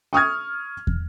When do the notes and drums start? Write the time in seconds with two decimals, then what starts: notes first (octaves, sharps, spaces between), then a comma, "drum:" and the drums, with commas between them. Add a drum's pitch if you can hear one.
0.13 C#6 D#6 F6 G#6
0.87 drum: kick